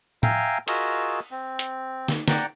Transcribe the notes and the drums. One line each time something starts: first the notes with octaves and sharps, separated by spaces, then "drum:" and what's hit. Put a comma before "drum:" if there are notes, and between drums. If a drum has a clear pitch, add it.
E5 F5 G5 G#5 A#5, drum: tom
F4 F#4 G#4 A#4 D#5 E6, drum: cymbal
C4
drum: hi-hat
drum: snare
D5 F#5 G5 A#5, drum: snare